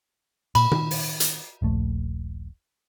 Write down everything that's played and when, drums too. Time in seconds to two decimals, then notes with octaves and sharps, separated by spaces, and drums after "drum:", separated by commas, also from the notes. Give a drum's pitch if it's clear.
0.55 A#2 B5, drum: cymbal
0.71 D#3, drum: tom A#2
0.91 drum: open hi-hat
1.20 drum: hi-hat
1.62 D#1 A#1 A3